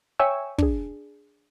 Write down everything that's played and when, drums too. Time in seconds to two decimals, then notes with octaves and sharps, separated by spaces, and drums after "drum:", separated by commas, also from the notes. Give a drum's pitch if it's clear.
0.19 C#5 E5 G5 G#5 C#6 E6
0.58 D4 G#4, drum: kick